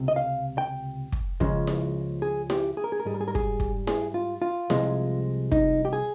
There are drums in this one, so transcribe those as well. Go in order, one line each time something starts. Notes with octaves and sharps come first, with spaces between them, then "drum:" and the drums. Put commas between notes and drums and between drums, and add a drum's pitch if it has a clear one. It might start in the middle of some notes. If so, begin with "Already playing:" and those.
Already playing: C#2 C3
D#5
F5
G5
drum: kick
C#2 C#3 F3 G#3, drum: kick
drum: snare E4
G#4
G4, drum: snare E4
G#4
A#4
G#4
A#4
G#2 G3 G#4
A#4
G#4
A#4
G#4, drum: kick
drum: kick
G#4, drum: snare E4
F4
F4
C2 C3 F3 G#3, drum: snare E4
D#4, drum: kick
G4
G#4